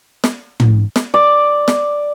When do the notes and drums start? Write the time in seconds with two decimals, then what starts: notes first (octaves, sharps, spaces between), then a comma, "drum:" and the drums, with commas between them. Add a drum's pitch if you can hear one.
0.24 drum: snare
0.60 drum: tom
0.96 drum: snare
1.14 D5
1.68 drum: snare